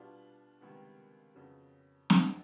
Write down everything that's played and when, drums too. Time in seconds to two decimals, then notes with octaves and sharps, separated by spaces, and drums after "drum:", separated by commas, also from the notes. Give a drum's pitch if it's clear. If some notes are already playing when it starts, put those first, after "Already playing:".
Already playing: B2 G3 B3 D4 F4
0.61 C#2 C3 D#3 G3 B3
1.35 F2 C#3 F#3 B3
2.10 G1 F2 D3, drum: snare